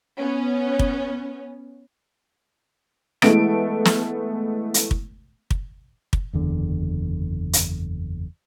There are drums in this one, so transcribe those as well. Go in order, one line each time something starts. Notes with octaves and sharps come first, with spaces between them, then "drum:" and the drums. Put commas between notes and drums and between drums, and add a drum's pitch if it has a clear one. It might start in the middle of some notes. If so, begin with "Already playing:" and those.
B3 C#4
drum: kick
E3 G#3 A3 B3 D7, drum: rim click
drum: snare
drum: hi-hat
drum: kick
drum: kick
drum: kick
F#1 E2 D3
drum: hi-hat